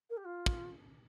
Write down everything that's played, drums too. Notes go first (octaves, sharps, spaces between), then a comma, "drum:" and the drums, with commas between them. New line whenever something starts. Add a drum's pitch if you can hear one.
A#4
G4
F4
drum: kick